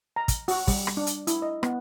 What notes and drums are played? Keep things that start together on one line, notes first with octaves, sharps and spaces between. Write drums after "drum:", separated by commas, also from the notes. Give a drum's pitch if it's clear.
A#5
drum: kick, hi-hat
F#4, drum: open hi-hat
G3, drum: kick, open hi-hat
drum: rim click
D4
drum: hi-hat
E4, drum: hi-hat
D#5
B3, drum: rim click